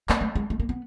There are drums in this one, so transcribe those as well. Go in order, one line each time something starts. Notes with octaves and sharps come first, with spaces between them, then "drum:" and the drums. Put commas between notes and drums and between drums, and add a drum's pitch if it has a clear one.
A#3, drum: clap
A3
G#3
A3
A#3
B3